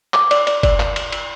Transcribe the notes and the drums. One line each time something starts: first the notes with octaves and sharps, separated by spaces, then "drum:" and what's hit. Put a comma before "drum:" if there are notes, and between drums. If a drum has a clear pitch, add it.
D6, drum: clap
D5, drum: cymbal
D5, drum: cymbal
D5, drum: kick F#1, cymbal
drum: clap
drum: cymbal
drum: cymbal